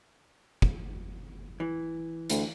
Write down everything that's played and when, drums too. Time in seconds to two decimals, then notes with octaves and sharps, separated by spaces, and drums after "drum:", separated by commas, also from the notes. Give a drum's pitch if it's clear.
0.62 drum: kick
1.60 E3
2.30 D2, drum: hi-hat